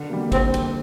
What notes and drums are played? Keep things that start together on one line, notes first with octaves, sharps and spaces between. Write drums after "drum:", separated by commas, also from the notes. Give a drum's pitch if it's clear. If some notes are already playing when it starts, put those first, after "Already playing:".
Already playing: D3
G3 A#3
D3 C4, drum: kick, cymbal
drum: cymbal